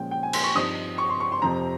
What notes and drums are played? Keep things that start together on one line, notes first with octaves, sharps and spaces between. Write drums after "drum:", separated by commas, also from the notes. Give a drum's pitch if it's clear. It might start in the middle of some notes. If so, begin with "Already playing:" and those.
Already playing: A#2 F3 G#3 C#4 G5
G5
G#5
C6, drum: cymbal
C#6
G2 F3 C4 D#4 D#6
C#6
C6
C#6
C6
F2 C3 F3 C4 A#5